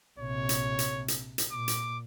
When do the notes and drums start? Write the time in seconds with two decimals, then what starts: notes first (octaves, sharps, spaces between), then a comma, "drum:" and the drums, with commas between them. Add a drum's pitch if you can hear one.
0.19 A#1 C3 C#5
0.49 drum: hi-hat
0.79 drum: hi-hat
1.08 drum: hi-hat
1.38 drum: hi-hat
1.52 A#2 D6
1.68 drum: hi-hat